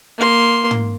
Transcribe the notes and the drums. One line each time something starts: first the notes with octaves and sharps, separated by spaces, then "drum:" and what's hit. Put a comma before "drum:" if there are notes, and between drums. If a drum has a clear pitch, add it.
A#3 C6
drum: tom